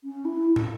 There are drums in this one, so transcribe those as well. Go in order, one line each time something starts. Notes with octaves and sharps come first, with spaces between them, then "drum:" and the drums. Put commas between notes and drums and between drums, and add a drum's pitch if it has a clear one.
C#4
E4
drum: tom